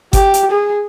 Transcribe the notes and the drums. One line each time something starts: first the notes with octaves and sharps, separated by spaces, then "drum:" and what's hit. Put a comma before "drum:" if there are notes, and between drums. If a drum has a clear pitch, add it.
G4, drum: kick G1, hi-hat
drum: hi-hat
G#4